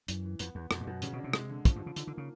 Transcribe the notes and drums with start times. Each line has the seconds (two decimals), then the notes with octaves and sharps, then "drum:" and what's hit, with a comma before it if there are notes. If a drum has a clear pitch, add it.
0.08 F#2 E3, drum: hi-hat
0.25 E3
0.39 F2 B3, drum: hi-hat
0.55 E2 B3
0.71 F2 B2, drum: rim click
0.81 G2
0.87 F#2 B2
1.02 G2 C#3, drum: hi-hat
1.13 B2
1.19 D4
1.24 C3
1.33 G#3, drum: rim click
1.49 D3
1.65 B2 F3, drum: kick, hi-hat
1.76 G2
1.81 F3
1.86 C#3
1.96 D3 D#4, drum: hi-hat
2.07 D3
2.13 C#3 A#3